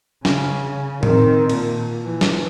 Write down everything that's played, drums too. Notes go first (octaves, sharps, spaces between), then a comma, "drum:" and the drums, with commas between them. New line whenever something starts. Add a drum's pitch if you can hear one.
C#3, drum: snare
D#3 C4, drum: tom A2
A#2, drum: cymbal
E3
drum: snare